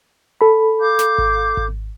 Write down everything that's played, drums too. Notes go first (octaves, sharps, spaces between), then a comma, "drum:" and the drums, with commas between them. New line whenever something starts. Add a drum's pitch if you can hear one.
A4 B5
F5 D6 G6
drum: snare
drum: kick G#1
drum: kick G#1